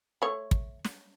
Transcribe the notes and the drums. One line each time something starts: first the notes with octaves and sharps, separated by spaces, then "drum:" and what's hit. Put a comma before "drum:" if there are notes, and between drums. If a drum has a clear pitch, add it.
A3 C#5
drum: kick
drum: snare